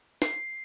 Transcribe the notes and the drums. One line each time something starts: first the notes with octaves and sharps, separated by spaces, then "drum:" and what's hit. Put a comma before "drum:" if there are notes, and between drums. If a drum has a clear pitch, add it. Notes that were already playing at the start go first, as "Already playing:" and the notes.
C7, drum: snare